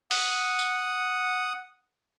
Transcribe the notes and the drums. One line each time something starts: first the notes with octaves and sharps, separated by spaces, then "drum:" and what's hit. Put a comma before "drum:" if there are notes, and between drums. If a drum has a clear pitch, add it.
F#5 D#6, drum: open hi-hat
drum: tambourine